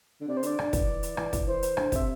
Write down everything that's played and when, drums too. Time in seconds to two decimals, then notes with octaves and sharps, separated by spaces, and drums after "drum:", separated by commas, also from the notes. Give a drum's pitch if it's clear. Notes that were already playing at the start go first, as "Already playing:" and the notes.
0.21 D3
0.28 C3 D5
0.37 C5
0.43 D3 D5, drum: hi-hat
0.59 D3, drum: rim click
0.73 E3, drum: kick, hi-hat
1.03 drum: hi-hat
1.17 E3, drum: rim click
1.33 E3, drum: kick, hi-hat
1.47 E3 C5
1.63 drum: hi-hat
1.77 D3, drum: rim click
1.92 C3 E5, drum: kick, hi-hat